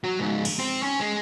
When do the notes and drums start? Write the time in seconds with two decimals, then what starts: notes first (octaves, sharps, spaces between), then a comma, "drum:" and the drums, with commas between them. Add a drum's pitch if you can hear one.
0.04 F#3
0.19 C#2 G#2
0.45 drum: cymbal
0.59 C4
0.83 C#4
1.00 G#3